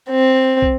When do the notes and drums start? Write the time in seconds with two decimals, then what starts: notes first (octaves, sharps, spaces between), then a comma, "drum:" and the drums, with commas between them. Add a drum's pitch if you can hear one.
0.11 C4
0.62 drum: kick